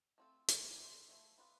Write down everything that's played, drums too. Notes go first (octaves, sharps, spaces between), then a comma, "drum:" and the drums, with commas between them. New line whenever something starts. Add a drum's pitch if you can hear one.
A3 C4 F4 A4
G3 C4 E4 B4 D5, drum: hi-hat
E3 B3 E4 A4 C5
F3 A3 E4
B3 F4 B4 D5